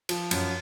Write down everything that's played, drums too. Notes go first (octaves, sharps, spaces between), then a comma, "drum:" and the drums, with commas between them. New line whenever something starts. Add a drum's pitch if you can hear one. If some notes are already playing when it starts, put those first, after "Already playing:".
F3, drum: cymbal
F#2, drum: cymbal